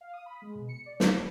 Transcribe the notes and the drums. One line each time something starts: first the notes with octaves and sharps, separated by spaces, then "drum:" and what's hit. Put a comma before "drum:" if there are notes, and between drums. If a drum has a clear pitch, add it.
F5
D#6
B5
G#3
B2
C#7
D5
F#3, drum: snare
B4